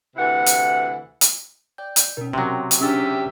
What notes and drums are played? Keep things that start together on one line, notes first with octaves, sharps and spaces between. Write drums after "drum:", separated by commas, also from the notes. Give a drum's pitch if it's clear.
D2 C3 E3 E4 F#5
drum: hi-hat
drum: hi-hat
D5 G5 G6
drum: hi-hat
B2 C#4 D#4 A#4
C3 F#3 G5 C6
drum: hi-hat
C#4 D4 G4 G#4 E5 G#5 F6 A6